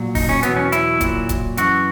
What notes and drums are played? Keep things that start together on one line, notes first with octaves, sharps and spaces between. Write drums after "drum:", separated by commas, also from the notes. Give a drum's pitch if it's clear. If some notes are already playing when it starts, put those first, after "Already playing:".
Already playing: A#2 F#3
D#4, drum: kick D#1, open hi-hat
C#4
E2 B2 F#3 B3, drum: hi-hat
C#4
E4, drum: hi-hat
A#2 F#3, drum: kick D#1, hi-hat
drum: kick D#1, hi-hat
F#2 E3 F#4, drum: hi-hat